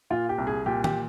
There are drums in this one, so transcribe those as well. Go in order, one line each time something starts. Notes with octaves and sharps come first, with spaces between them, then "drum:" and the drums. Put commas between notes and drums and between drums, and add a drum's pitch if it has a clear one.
A#2 F4
G4
C2
G#4
A#2 G4
G4, drum: tom